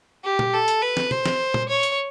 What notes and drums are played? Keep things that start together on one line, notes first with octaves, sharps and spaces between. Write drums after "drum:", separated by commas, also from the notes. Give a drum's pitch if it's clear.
G4
drum: tom A#2
A4
drum: hi-hat
B4
drum: snare
C5, drum: tom
drum: snare
drum: tom A#2
C#5
drum: hi-hat